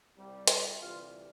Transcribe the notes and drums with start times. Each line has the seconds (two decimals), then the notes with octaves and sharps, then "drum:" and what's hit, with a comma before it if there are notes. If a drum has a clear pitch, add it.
0.17 C2 C3 G3
0.47 drum: hi-hat
0.80 D2 C3 E3 G3 F4